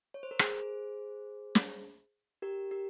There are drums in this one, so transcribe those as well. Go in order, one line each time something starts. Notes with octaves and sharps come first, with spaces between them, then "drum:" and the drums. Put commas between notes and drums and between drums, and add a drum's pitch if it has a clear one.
C#5
C5
A#4
G#4 C5, drum: rim click
drum: snare
G4 A#4
G4 A#4